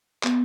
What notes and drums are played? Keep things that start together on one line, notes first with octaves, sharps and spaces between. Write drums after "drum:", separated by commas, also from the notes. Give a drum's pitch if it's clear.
B3, drum: clap